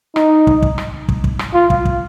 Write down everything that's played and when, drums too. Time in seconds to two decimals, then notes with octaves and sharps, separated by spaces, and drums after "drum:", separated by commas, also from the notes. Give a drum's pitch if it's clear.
0.16 D#4, drum: rim click
0.47 drum: kick
0.62 drum: kick
0.78 drum: rim click
1.09 drum: kick
1.24 drum: kick
1.39 drum: rim click
1.55 F4
1.70 drum: kick
1.85 drum: kick